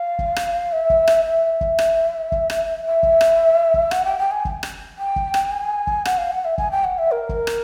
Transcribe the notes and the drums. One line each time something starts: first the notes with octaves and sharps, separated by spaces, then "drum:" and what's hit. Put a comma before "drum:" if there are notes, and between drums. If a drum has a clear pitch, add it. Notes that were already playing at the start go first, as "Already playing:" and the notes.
Already playing: F5
drum: kick F#1
drum: rim click
E5
drum: kick F#1
drum: rim click
E5
drum: kick F#1
drum: rim click
drum: kick F#1
drum: rim click
E5
drum: kick F#1
drum: rim click
drum: kick F#1
F#5, drum: rim click
G5
G5
G#5
drum: kick F#1
drum: rim click
G5
drum: kick F#1
drum: rim click
G#5
drum: kick F#1
F#5, drum: rim click
F5
F#5
E5
G#5, drum: kick F#1
G5
F#5
E5
A#4
drum: kick F#1
drum: rim click